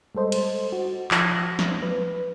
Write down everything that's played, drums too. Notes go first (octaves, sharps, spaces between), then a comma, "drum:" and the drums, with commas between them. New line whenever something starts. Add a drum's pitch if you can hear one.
G3 G#3 A4 C5 D#5
drum: cymbal
F#4
F3 F6 A#6, drum: clap
drum: snare
B4